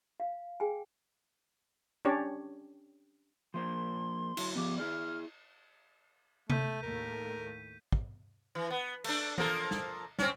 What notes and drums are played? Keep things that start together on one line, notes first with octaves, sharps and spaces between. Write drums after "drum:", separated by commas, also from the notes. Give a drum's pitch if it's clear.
F5
G#4 G5 G#5
C#4 D4 G4 C#5 D5
F3 A#3 C5 C6
F#3 E4, drum: cymbal
F3 B3 G4
E4 G#4 D5 F6
A3 G6 B6 D#7, drum: tom C3
D#2 A2 A3 A#4
drum: kick
E3
B3
A3 D4, drum: cymbal
F3 A#3 A4, drum: tom E3
drum: snare
C4 C#4, drum: snare